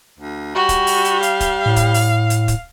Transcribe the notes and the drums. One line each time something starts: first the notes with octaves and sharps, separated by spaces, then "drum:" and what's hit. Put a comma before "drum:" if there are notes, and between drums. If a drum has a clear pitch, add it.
D2
G3 F#4
drum: kick, hi-hat
drum: open hi-hat
drum: hi-hat
F5, drum: hi-hat
drum: kick, hi-hat
A2
drum: kick, hi-hat
drum: open hi-hat
drum: hi-hat
drum: kick, hi-hat